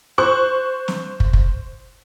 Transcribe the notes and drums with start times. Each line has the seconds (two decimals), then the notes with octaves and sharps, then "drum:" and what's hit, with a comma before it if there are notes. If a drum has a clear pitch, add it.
0.18 C5 C#6 F#6
0.88 drum: snare
1.20 drum: kick
1.33 drum: kick